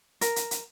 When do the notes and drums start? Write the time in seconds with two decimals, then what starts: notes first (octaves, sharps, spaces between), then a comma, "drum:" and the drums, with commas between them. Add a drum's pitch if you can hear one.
0.21 A#4, drum: hi-hat
0.36 drum: hi-hat
0.51 drum: hi-hat